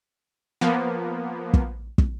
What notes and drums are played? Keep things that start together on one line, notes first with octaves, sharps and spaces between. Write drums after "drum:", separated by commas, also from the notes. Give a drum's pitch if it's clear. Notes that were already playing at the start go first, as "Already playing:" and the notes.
F3 A#3 B3
drum: kick
drum: kick